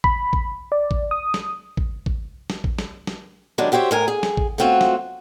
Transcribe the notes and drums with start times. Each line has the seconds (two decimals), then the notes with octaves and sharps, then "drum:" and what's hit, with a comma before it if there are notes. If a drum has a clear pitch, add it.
0.04 B5, drum: kick
0.33 drum: kick
0.72 D5
0.91 drum: kick
1.11 D#6
1.34 drum: snare
1.77 drum: kick
2.06 drum: kick
2.50 drum: snare
2.64 drum: kick
2.79 drum: snare
3.07 drum: snare
3.58 C3 D#3 F#3 G#3 B3 D4
3.72 F#4 G4 C5 C#5 E5
3.91 A2 A#4 G#5
4.08 G#4
4.23 drum: snare
4.37 drum: kick
4.58 A3 B3 C4 F4 F#4 C#5
4.81 drum: snare